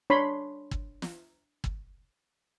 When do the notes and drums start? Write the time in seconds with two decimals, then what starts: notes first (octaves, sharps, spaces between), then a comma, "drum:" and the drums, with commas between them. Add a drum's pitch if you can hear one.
0.10 D4 C#5 B5 C6
0.71 drum: kick
1.02 drum: snare
1.64 drum: kick